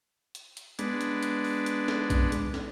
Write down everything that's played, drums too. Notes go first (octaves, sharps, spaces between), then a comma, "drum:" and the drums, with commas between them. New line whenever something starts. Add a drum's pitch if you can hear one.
drum: hi-hat
drum: hi-hat
G#3 B3 D4, drum: hi-hat
drum: hi-hat
drum: hi-hat
drum: open hi-hat
drum: hi-hat
drum: snare
drum: kick, hi-hat
drum: hi-hat
drum: snare